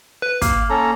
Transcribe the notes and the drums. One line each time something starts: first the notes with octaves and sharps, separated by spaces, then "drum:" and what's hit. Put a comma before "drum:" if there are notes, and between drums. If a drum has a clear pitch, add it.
B4
A#3 F5, drum: kick, hi-hat
C#4 A4 A#5